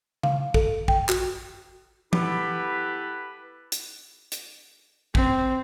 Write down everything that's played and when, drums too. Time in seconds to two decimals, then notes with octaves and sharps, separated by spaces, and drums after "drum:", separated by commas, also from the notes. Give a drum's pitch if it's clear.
0.23 F5, drum: tom C#3
0.54 A4, drum: kick
0.88 G5, drum: kick
1.09 F#4, drum: clap
2.13 B3 E4 G4 A4 B4, drum: tom E3
3.72 drum: hi-hat
4.32 drum: hi-hat
5.15 C4, drum: kick